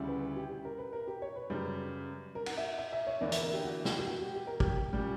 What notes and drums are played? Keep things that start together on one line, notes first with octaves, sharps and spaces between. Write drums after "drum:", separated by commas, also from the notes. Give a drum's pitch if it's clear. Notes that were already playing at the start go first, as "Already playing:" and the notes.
Already playing: D2 C#3 G3 C#4 E4
B4
G4
G4
A#4
B4
A#4
G4
C#5
B4
F#2 C#3 G3
A#4
F#5, drum: cymbal
E5
E5
E5
C#5
E2 D3 A#3 E4 D5
E5, drum: hi-hat
A#4
G4
F#4
G4, drum: snare
G4
F#4
G4
G4
A#4
G4, drum: kick
A#2 G3 C#4